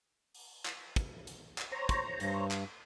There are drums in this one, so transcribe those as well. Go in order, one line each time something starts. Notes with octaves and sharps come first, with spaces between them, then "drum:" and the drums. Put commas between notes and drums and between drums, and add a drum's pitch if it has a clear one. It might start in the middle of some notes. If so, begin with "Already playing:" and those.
drum: open hi-hat
drum: clap
drum: kick, hi-hat
drum: hi-hat
drum: clap
C5 C#5 A#5
drum: kick, hi-hat
G2, drum: hi-hat
drum: clap